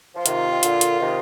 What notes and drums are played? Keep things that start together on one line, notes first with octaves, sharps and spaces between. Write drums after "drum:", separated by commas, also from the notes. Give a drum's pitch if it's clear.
F3
C3 D#3 F4, drum: hi-hat
D#3
A#2 D3, drum: hi-hat
drum: hi-hat
C3 D#3